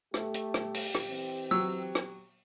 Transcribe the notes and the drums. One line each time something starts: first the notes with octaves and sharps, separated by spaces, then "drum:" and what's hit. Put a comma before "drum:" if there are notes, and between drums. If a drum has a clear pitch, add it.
A3 G4, drum: rim click
drum: hi-hat
drum: rim click
drum: open hi-hat
drum: rim click
E3 C4
F#3 E6
drum: rim click